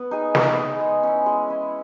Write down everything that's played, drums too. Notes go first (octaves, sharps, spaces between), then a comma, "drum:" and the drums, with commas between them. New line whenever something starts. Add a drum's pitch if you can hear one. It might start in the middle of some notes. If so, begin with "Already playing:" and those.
Already playing: B3
D#4 G#4
B3, drum: snare
D#4 G#4
G#3
C#4 E4
G#3
C#4 E4